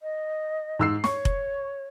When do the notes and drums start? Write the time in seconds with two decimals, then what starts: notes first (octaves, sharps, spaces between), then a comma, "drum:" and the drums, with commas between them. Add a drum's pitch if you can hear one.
0.01 D#5
0.79 G#2 E6 C7
1.04 C#5 C#6, drum: snare
1.25 drum: kick F1